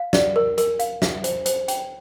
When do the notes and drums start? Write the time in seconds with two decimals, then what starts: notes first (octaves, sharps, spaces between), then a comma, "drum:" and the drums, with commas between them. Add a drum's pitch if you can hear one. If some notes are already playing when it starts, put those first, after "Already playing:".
Already playing: F5
0.13 D5, drum: snare
0.36 A#4
0.58 A#4, drum: hi-hat
0.79 F5, drum: hi-hat
1.02 E5, drum: snare
1.24 C5, drum: hi-hat
1.46 C5, drum: hi-hat
1.68 G5, drum: hi-hat